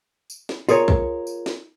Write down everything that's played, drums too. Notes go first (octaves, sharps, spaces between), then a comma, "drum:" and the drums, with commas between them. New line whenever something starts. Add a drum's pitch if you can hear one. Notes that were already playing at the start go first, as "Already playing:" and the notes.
drum: tambourine
drum: snare
F4 G#4 A#4 C#5, drum: tambourine
drum: kick B1
drum: tambourine
drum: snare